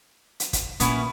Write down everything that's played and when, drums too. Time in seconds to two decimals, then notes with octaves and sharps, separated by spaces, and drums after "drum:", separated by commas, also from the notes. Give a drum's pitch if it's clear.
0.40 drum: hi-hat
0.53 drum: kick, hi-hat
0.80 A#2 B3 C#4 E4, drum: hi-hat